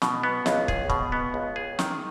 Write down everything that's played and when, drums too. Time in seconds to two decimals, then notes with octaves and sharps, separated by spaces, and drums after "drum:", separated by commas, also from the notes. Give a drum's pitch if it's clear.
0.02 B2, drum: snare
0.23 B3
0.46 C#2, drum: snare
0.68 G#4, drum: kick
0.90 B2, drum: kick
1.12 B3
1.34 C#2
1.56 G#4
1.79 D#3, drum: snare